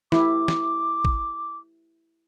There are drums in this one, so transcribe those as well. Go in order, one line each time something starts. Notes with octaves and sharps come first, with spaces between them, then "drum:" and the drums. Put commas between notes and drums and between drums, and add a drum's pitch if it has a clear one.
E4 G4 D6, drum: snare
drum: snare
drum: kick